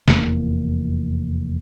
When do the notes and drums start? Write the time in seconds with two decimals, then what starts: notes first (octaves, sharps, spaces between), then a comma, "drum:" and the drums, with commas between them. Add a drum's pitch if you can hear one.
0.08 F1 E2 E3 A#3, drum: snare